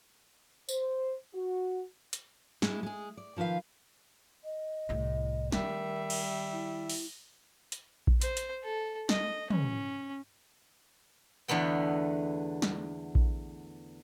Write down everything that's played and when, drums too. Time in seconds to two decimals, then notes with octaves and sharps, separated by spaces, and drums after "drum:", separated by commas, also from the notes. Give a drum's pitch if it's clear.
0.69 C5, drum: tambourine
1.34 F#4
2.13 drum: hi-hat
2.62 G#3 E4, drum: snare
2.83 G#3 G#4
3.17 D5
3.36 D#3 F3 F4 B4 F5
4.44 D#5
4.89 C2 A2
5.52 D#3 G3 A3 A#4 E5, drum: snare
6.10 drum: cymbal
6.52 E4
6.89 drum: open hi-hat
7.72 drum: hi-hat
8.07 drum: kick A#1
8.21 C5, drum: hi-hat
8.37 drum: hi-hat
8.64 A4
9.09 D#5, drum: snare
9.50 C#4, drum: tom
11.48 E2 D3 A3 B3 G5
12.62 drum: snare
13.15 drum: kick A#1